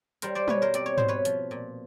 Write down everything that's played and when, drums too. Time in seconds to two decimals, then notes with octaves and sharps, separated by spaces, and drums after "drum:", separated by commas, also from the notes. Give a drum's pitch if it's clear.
0.22 G3 A#4 C5, drum: hi-hat
0.35 C5 D5
0.48 B2 B4 C#5, drum: tom G3
0.62 A#4 C5
0.74 C4 D5, drum: hi-hat
0.86 C#5
0.98 B2 C5, drum: tom G#2
1.08 B4 C#5
1.25 F3, drum: hi-hat
1.51 A#2